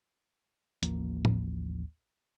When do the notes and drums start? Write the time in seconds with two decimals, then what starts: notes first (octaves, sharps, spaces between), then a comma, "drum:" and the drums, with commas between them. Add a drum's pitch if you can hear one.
0.83 A1 D#2 F3 A#3, drum: hi-hat
1.25 drum: tom A2